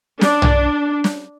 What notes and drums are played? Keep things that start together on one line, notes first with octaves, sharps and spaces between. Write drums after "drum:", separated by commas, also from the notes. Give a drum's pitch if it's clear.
D4, drum: snare
drum: tom B1
drum: snare